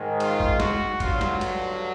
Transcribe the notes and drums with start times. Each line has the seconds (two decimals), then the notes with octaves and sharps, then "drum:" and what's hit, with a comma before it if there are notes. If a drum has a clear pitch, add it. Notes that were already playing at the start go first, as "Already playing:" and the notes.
Already playing: G#2 D#3 G#3
0.20 F4, drum: cymbal
0.40 drum: kick
0.60 F#4, drum: snare
1.00 G2 D3 F#3 F4, drum: kick, cymbal
1.21 drum: snare
1.41 drum: cymbal